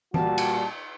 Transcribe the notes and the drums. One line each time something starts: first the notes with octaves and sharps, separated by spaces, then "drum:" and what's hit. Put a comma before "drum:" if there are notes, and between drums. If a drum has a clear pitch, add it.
A#2 G3 F#4 A5, drum: tom E3
drum: cymbal